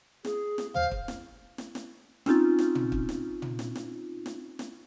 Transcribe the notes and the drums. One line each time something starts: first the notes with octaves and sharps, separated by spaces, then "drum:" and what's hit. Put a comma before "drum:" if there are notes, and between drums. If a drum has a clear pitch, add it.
G#4, drum: snare
drum: snare
C5 F5, drum: tom
drum: kick
drum: snare
drum: snare
drum: snare
C4 C#4 D#4 F4, drum: snare
drum: snare
drum: tom
drum: kick
drum: snare
drum: tom
drum: snare
drum: snare
drum: snare
drum: snare